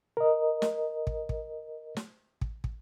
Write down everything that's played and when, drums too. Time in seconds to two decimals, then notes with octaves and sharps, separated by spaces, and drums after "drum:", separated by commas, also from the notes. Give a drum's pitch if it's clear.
0.17 A#4 D#5
0.62 drum: snare
1.07 drum: kick
1.29 drum: kick
1.97 drum: snare
2.41 drum: kick
2.64 drum: kick